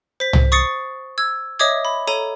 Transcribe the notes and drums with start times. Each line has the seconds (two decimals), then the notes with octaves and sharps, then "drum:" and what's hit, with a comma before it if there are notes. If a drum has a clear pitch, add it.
0.20 C5 B6
0.33 drum: tom C2
0.52 C#6 D#6 A6 C7 C#7
1.18 E6 G#6
1.59 C#5 D#5 E5 D6 D#6 G#6
1.85 B5
2.07 A4 C#5 A#5 D#7